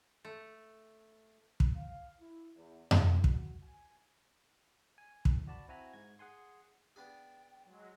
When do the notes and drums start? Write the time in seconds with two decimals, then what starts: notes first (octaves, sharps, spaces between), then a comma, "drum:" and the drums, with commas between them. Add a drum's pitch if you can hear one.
0.25 A3
1.60 drum: kick
1.75 F5
2.20 E4
2.55 E2
2.91 A#3, drum: tom F2
3.24 F#4, drum: kick
3.63 G#5
4.98 G#5
5.25 F#2 A2, drum: kick
5.47 F#4 D5 A5 B5
5.68 C4 E4 F#4 G#5 A#5 B5
5.93 G#2 G#6
6.19 G#4 F#5 G#5 C6
6.96 B3 D4 G#4 G5
7.65 F#3 G#3